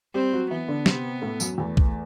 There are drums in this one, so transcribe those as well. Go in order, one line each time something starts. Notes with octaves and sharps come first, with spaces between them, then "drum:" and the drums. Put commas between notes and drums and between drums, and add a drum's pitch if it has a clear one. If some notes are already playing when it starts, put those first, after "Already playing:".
G3 C4 G4
F#3 F#4
E3 B3 E4
D3 D4
C3 C4, drum: snare
A2 A3
F#2 F#3, drum: tambourine
E2 E3 A3
drum: kick